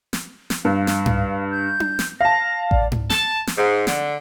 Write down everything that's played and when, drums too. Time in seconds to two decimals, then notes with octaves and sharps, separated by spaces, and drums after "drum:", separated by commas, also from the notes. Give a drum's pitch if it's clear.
0.13 drum: snare
0.50 drum: snare
0.65 G2 F5
0.87 drum: snare
1.06 drum: tom G#2
1.51 G6
1.80 drum: tom D4
1.99 drum: snare
2.21 F5 A5 A#6
2.71 D5, drum: kick A1
2.92 drum: tom G#2
3.10 A5, drum: snare
3.47 drum: snare
3.57 G#2
3.87 D3, drum: snare